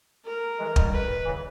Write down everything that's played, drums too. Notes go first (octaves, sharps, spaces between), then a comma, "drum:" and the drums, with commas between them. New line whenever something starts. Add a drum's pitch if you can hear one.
A#4
E3 G#3
D#3 G3, drum: kick
B4
C#3 E3